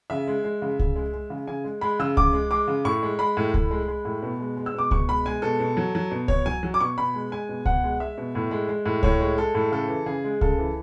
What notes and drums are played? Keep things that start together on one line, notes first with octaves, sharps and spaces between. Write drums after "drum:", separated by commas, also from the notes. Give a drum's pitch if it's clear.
C#3 E5
G#3
G#3
C#3
C#3, drum: kick C#2
G#3
G#3
C#3
C#3 G#5
G#3
G#3 B5
C#3 E6
C#3 D6, drum: kick C#2
G#3
G#3 D6
C#3
A2 C#6
G#3
G#3 B5
A2
A2, drum: kick C#2
G#3
G#3
A2
B2
G#3
G#3
E6
B2 D6
B2 C#6, drum: kick C#2
G#3 B5
G#3 G#5
B2 A4
B2
F#3
F#3
B2
B2 C#5, drum: kick C#2
F#3 G#5
F#3
D6
B2 C#6
B2 B5
G#3
G#3 G#5
B2
B2 F#5, drum: kick C#2
G#3
G#3 E5
B2
A2
G#3
G#3
A2
A2 C#5, drum: kick C#2
G#3
G#3 A4
A2
C#3 A4
E3
C#3 G#4
G#3
C#3 A4, drum: kick C#2
E3